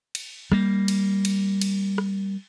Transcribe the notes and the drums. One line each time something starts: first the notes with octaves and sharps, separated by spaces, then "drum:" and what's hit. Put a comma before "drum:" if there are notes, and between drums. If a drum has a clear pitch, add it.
drum: cymbal
G3 A#3, drum: rim click
drum: cymbal
drum: cymbal
drum: cymbal
drum: rim click